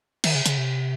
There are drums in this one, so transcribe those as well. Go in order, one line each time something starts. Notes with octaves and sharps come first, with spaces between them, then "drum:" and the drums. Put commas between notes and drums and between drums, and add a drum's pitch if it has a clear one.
D#3, drum: cymbal
C#3
C#3, drum: hi-hat
C3